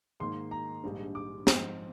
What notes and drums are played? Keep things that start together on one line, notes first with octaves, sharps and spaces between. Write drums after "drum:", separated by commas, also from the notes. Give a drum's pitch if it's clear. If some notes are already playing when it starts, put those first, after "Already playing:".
G#2 D#3 A#3 D#4 C6
A#5
A#1 G#2 G3 D4
D6
G#2 F3 G#3 C4, drum: snare